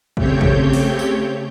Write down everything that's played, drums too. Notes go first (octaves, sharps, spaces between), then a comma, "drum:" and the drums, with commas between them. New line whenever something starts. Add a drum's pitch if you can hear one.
C#3 A3 C4 G4 C#5 G6, drum: kick
drum: kick
drum: open hi-hat
drum: tambourine